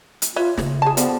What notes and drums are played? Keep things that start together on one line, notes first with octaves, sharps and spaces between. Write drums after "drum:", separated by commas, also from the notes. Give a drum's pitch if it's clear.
drum: hi-hat
F4 B4 C#5 E5
C#3, drum: snare
G#4 A5
D3 F3 G3 B3, drum: hi-hat